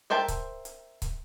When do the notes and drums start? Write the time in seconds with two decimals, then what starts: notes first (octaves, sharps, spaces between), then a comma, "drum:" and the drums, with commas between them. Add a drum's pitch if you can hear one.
0.10 A#4 C5 E5 G5 A5
0.28 drum: kick C#1, hi-hat
0.65 drum: hi-hat
1.02 drum: kick C#1, hi-hat